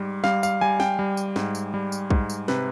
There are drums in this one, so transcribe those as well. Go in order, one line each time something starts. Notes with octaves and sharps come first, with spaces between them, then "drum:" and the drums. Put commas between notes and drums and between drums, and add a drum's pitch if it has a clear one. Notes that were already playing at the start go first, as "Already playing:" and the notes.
Already playing: G#2 G3
G3 F5, drum: snare
F5, drum: tambourine
G3 G#5
G5, drum: snare
G3
drum: tambourine
G#2, drum: snare
drum: tambourine
G3
drum: tambourine
G#2, drum: kick
drum: tambourine
C3 B4, drum: snare